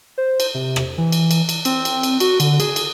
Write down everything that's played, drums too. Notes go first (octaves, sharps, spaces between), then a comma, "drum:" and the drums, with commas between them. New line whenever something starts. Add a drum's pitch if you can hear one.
C5
drum: cymbal
C3
drum: rim click
E3
drum: cymbal
drum: cymbal
drum: cymbal
C4, drum: cymbal
drum: cymbal
drum: cymbal
F#4, drum: cymbal
D3, drum: cymbal
G#4, drum: cymbal
drum: cymbal